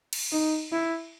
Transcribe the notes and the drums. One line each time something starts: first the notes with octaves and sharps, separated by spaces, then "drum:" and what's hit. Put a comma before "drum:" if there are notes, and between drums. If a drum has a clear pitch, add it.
drum: cymbal
D#4
E4